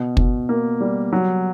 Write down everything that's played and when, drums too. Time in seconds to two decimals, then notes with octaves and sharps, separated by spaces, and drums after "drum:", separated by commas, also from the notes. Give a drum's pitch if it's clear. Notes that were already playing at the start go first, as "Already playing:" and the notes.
Already playing: B2
0.17 B2, drum: kick
0.49 A#3
0.81 G3
1.12 F#3